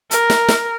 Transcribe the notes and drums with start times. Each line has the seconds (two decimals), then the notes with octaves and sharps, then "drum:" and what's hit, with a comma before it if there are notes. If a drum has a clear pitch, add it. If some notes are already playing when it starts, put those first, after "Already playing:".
0.11 A#4, drum: hi-hat
0.30 drum: snare
0.48 drum: snare